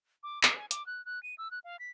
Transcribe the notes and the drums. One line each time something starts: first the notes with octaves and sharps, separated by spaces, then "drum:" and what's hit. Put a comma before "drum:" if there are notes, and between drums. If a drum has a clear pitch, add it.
D6
A#5, drum: clap
G#5
D6, drum: hi-hat
F#6
F#6
D#7
E6
F#6
F5
B6